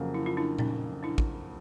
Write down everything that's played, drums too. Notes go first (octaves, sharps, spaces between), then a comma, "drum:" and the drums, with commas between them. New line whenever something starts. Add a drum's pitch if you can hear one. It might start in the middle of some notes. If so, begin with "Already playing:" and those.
Already playing: F2 C#3 F#3 A#3
E4
F4
D4 E4
C#4 D#4, drum: tom A#2
D4 E4
drum: kick